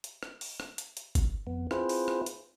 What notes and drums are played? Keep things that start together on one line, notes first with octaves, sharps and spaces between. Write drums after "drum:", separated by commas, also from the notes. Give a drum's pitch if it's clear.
drum: hi-hat
drum: rim click
drum: open hi-hat
drum: rim click
drum: hi-hat
drum: hi-hat
drum: kick G1, hi-hat
F2 B3
C4 E4 F4 G#4 B4 C5, drum: rim click
drum: open hi-hat
drum: rim click
drum: hi-hat